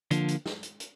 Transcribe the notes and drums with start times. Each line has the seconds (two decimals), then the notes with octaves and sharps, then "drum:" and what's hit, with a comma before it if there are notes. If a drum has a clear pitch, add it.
0.11 D3 F3 A#3, drum: hi-hat
0.28 drum: hi-hat
0.46 drum: snare
0.63 drum: hi-hat
0.80 drum: hi-hat